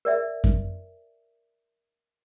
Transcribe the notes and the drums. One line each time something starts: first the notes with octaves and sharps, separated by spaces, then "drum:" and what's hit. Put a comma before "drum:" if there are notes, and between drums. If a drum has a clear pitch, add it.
A#4 D5 E5
drum: kick F#2